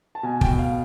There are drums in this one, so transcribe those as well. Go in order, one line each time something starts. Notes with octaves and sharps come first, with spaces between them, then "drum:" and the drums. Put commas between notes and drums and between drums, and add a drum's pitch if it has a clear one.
A5
B2 G#5
G5, drum: kick
B2
F5